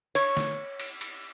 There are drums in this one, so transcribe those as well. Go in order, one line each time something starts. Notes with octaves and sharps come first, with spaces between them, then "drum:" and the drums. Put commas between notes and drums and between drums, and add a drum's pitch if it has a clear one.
C#5, drum: cymbal
drum: snare
drum: cymbal
drum: cymbal